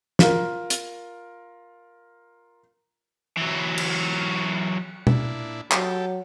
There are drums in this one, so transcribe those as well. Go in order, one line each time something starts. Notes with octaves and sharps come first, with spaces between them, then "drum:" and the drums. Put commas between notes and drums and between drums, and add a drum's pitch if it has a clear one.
F4 A#4, drum: snare
drum: hi-hat
E3 F#3
drum: cymbal
A#2 D4 E4, drum: tom
F#3 G4 A4, drum: clap